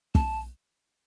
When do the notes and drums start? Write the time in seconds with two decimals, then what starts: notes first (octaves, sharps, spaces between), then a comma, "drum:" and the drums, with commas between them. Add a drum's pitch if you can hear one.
0.15 A5, drum: kick